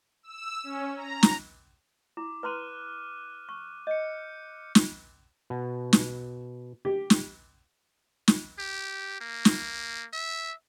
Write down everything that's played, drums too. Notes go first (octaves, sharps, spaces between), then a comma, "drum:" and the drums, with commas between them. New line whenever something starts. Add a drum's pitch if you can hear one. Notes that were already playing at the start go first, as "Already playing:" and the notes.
E6
C#4
A#5
drum: snare
E4 D6
B4 A#5 C6 F6 F#6 D#7
C#6
D#5 G6 C#7
drum: snare
B2
drum: snare
G4
drum: snare
drum: snare
G4
A#3
drum: snare
E5